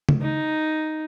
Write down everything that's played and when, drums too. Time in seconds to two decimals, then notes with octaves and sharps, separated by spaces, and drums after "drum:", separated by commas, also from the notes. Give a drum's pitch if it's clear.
0.09 drum: tom
0.22 D#4